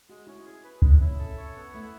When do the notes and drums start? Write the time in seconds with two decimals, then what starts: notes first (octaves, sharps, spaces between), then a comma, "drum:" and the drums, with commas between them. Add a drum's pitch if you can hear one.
0.10 G#3 F#4
0.27 C#4 E4
0.46 G#4
0.64 B4
0.82 G#3, drum: kick
1.01 C#4 E4
1.19 A4
1.37 C#5
1.56 B3
1.74 A3 E4